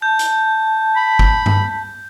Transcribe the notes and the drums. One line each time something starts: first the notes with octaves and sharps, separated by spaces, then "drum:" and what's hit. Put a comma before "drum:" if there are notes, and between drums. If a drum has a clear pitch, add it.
A5 G6
drum: hi-hat
B5
drum: kick
drum: tom G2